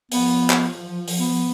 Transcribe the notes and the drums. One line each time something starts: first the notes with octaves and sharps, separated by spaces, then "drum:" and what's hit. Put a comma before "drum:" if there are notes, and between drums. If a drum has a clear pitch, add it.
F3 B3, drum: open hi-hat
drum: clap
drum: open hi-hat
B3